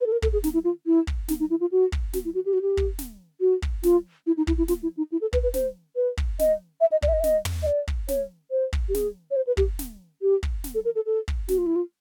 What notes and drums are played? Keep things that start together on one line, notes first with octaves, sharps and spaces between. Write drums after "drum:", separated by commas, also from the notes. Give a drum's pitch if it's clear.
B4
A4
A#4
A4, drum: kick
G#4
D#4, drum: snare
E4
F4
E4
drum: kick
D#4, drum: snare
D#4
E4
F4
F#4
drum: kick
F#4, drum: snare
E4
F#4
G4
F#4
G4
drum: kick
drum: snare
F#4
drum: kick
F4, drum: snare
E4
D#4
E4, drum: kick
E4
F4, drum: snare
E4
D#4
E4
A4
B4, drum: kick
B4
C5, drum: snare
B4
drum: kick
D#5, drum: snare
E5
D#5
D5, drum: kick
E5
D#5
E5
D#5, drum: snare
drum: tom
D#5
D5
drum: kick
C#5, drum: snare
C5
drum: kick
G4
G#4, drum: snare
C#5
C5
B4
G4, drum: kick
drum: snare
G4
drum: kick
drum: snare
A4
A#4
A4
A4
drum: kick
F#4, drum: snare
F4
E4
F4